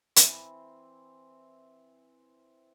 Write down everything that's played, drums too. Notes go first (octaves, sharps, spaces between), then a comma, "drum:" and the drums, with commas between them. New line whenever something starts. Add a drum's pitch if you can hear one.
E3 C4, drum: hi-hat